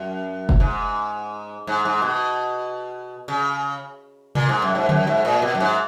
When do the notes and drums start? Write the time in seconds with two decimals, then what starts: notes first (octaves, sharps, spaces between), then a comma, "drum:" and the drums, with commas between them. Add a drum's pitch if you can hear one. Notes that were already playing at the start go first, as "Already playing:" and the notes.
Already playing: F#2
0.49 drum: kick
0.60 G#2
1.67 G#2
1.85 G#2
2.02 B2
3.28 C#3
4.35 A#2, drum: tom C3
4.49 G#2
4.62 F#2
4.75 G#2
4.89 F#2, drum: tom D3
5.07 G#2
5.25 A#2
5.42 B2
5.55 F#2
5.60 G#2